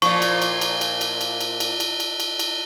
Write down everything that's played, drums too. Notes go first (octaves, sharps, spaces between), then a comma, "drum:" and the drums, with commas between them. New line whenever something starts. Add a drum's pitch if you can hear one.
A#2 F3 C#6, drum: cymbal
drum: cymbal
drum: cymbal
drum: cymbal
drum: cymbal
drum: cymbal
drum: cymbal
drum: cymbal
drum: cymbal
drum: cymbal
drum: cymbal
drum: cymbal
drum: cymbal